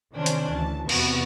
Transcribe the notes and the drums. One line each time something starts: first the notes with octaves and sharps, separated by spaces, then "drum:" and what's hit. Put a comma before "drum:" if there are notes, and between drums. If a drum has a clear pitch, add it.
C3 D#3 E3 C#4 D4 C5
drum: hi-hat
D2 E3 A5
E2 C3 B3 F#4 C#6, drum: cymbal